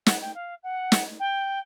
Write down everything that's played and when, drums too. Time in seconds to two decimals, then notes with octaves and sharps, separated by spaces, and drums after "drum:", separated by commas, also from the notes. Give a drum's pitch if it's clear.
0.06 F#5, drum: snare
0.21 G5
0.35 F5
0.63 F#5
0.92 drum: snare
1.20 G5